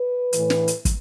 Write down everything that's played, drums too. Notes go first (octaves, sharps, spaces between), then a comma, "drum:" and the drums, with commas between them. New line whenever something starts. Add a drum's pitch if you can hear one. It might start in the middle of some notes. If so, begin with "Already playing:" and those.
Already playing: B4
A2 E3, drum: hi-hat
drum: snare
drum: hi-hat
drum: kick, hi-hat